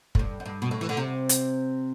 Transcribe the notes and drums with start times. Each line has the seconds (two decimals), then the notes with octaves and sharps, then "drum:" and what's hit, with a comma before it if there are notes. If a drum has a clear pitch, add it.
0.15 A2, drum: kick
0.19 G2
0.40 F#2
0.45 G2
0.62 B2
0.71 A2
0.81 E3
0.89 D3
0.97 C3
1.29 drum: hi-hat